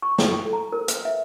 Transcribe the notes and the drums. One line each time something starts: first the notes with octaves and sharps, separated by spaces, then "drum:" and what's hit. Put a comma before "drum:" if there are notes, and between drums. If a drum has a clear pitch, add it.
C#6
A4, drum: snare
A#5
A#4
B4, drum: hi-hat
E5